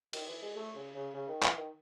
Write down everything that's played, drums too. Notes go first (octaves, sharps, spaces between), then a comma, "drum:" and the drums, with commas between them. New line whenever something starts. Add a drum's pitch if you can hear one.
D#3, drum: cymbal
E3
G#3
A3
C#3
C#3
C#3
D#3
E3, drum: clap
D#3